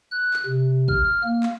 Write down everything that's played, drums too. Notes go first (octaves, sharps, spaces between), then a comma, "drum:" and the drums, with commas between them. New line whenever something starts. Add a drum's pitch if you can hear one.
F#6
drum: clap
C3
F6, drum: kick
A#3
drum: clap